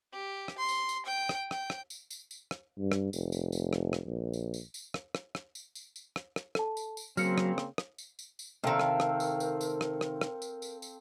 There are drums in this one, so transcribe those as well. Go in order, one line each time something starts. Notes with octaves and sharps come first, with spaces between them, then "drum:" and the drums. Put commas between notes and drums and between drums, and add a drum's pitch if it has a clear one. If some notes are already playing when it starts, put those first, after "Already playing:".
G4
drum: rim click
C6
drum: tambourine
drum: tambourine
G5
drum: rim click
G5, drum: rim click
drum: rim click
drum: tambourine
drum: tambourine
drum: tambourine
drum: rim click
G2
drum: rim click
F1, drum: tambourine
drum: tambourine
drum: tambourine
drum: rim click
drum: rim click
A#1
drum: tambourine
drum: tambourine
drum: tambourine
drum: rim click
drum: rim click
drum: rim click
drum: tambourine
drum: tambourine
drum: tambourine
drum: rim click
drum: rim click
A4 A5, drum: rim click
drum: tambourine
drum: tambourine
C#3 F#3 A#3 C4 F6 C#7, drum: tambourine
drum: rim click
drum: rim click
drum: rim click
drum: tambourine
drum: tambourine
drum: tambourine
C3 D#3 C4 A4 A#4 F5 G5
drum: rim click
drum: rim click
drum: tambourine
drum: tambourine
drum: tambourine
drum: rim click
drum: rim click
drum: rim click
drum: tambourine
drum: tambourine
drum: tambourine